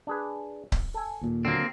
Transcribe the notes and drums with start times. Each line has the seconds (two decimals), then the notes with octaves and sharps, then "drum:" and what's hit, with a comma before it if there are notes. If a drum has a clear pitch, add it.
0.07 D4 G#4 B4
0.72 drum: kick C#1
0.94 A4 G#5
1.21 D#2 A#2
1.45 D3 F#3 A#3 C4